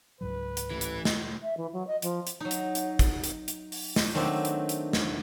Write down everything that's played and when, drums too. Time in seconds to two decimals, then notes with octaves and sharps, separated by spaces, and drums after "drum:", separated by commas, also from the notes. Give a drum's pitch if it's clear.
0.21 C#2 G#2 F#3 B4
0.57 drum: hi-hat
0.71 A1 E3
0.81 drum: hi-hat
1.05 drum: snare
1.42 E5
1.57 E3
1.73 F#3
1.87 D#5
2.02 F3, drum: hi-hat
2.27 drum: hi-hat
2.40 F#3 D#4
2.51 drum: hi-hat
2.75 drum: hi-hat
2.99 drum: kick, hi-hat
3.24 drum: hi-hat
3.48 drum: hi-hat
3.72 drum: open hi-hat
3.96 drum: snare
4.14 D#3 F#3 A3 C4 D4
4.45 drum: hi-hat
4.69 drum: hi-hat
4.93 drum: snare